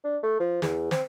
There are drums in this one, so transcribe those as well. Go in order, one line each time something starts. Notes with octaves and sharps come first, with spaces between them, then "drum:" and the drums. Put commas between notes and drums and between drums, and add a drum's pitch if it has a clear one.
D4
A3
F3
E2, drum: snare
C4, drum: snare